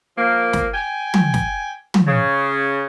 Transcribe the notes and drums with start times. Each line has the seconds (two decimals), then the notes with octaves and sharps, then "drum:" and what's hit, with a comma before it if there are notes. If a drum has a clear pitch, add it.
0.17 F3 A#3
0.53 drum: snare
0.73 G5 G#5
1.14 drum: tom
1.34 drum: snare
1.94 drum: tom
2.07 C#3